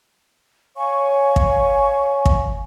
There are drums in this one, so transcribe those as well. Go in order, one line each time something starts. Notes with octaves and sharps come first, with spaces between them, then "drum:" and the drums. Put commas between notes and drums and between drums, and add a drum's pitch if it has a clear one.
C#5 F5 G#5 C#6
drum: kick
drum: kick